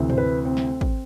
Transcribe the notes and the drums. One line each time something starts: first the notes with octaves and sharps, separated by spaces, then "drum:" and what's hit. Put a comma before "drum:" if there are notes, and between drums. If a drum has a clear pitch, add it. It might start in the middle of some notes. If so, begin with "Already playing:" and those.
Already playing: D2 C3 E3
C5, drum: tom
B4
C4
drum: snare
drum: kick